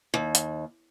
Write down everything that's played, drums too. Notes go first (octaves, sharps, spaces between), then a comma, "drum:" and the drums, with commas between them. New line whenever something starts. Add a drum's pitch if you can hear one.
D#2
drum: hi-hat